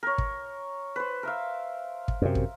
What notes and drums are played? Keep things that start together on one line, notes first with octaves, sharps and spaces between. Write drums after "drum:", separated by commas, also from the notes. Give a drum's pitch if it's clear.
A#4 C#5
drum: kick
B4 C5
A#4 E5 F5
drum: kick
F#2 C3
drum: kick